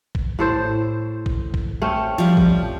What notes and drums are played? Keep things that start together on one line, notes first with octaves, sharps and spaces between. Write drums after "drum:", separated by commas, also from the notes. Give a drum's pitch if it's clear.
drum: kick
A2 A4 C5
drum: kick
drum: kick
A3 C4 C#4
F3 G3
drum: kick